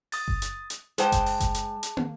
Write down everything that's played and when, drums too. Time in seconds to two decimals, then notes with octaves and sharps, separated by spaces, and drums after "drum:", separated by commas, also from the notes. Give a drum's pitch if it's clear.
0.12 D#6 A6, drum: open hi-hat
0.28 drum: kick F#1
0.42 drum: hi-hat
0.70 drum: hi-hat
0.98 G#3 G#4 C5 G5 A5, drum: hi-hat
1.12 drum: kick F#1, hi-hat
1.26 drum: open hi-hat
1.40 drum: kick F#1, hi-hat
1.55 drum: hi-hat
1.83 drum: hi-hat
1.97 drum: tom